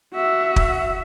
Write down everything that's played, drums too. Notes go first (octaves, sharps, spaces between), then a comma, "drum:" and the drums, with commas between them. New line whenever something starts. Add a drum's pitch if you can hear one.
F#4 E5
drum: kick